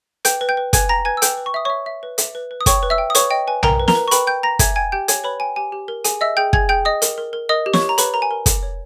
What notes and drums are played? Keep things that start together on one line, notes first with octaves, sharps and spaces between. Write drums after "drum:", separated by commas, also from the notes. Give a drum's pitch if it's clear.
B4 G5 G6, drum: hi-hat
B4
G5 G6
B4
B4 G#5 G#6, drum: kick, hi-hat
G5 A#5 A#6
B4 G#5 G#6
E6
B4 G5 G6, drum: hi-hat
B4
C#6
E5 D#6
C#5 E5 C#6
E5
B4
E5, drum: hi-hat
B4
B4
D#6
C#5 G5 C#6, drum: kick, hi-hat
B4
E5 E6
G5
D#6
B4 C#5 C#6, drum: hi-hat
D#5 G5
B4 G#5
A#4 G5 A#5, drum: tom B1
B4
A#4 A#5, drum: snare
B4
C#6
B4 G5 B5, drum: hi-hat
G5 G6
G5 A#5 A#6
E5 G#5 G#6, drum: kick, hi-hat
G5 G#5 G#6
G4 G5 G6
C#5 G#5 G#6, drum: hi-hat
B4 C#5 B5
G5 G#5
G4 G#5
G4
A#4
G#4 G#5, drum: hi-hat
D#5 E5 E6
G#4 G5 G6
G#4 G#5 G#6, drum: kick
G#4 G5 G6
D#5 D#6
A#4, drum: hi-hat
A#4
A#4
A#4 D#5 D#6
G4
C#5 C#6, drum: snare
G4
A#5
B4 C#5 B5, drum: hi-hat
A#4 A#5
G#5
A#4
A#4, drum: kick, hi-hat
C#5